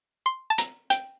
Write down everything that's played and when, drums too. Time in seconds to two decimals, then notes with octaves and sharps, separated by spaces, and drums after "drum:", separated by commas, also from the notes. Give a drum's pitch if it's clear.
0.26 C6
0.50 A5
0.58 A#5, drum: hi-hat
0.90 G5, drum: hi-hat